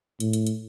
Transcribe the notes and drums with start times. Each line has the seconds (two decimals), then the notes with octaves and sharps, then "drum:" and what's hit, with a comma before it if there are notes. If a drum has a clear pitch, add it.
0.20 A2, drum: hi-hat
0.33 drum: hi-hat
0.46 drum: hi-hat